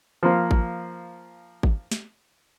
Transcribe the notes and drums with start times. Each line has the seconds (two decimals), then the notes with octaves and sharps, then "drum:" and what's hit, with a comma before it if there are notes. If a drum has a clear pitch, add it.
0.23 F3 A#3
0.51 drum: kick G#1
1.63 drum: kick G#1
1.91 drum: snare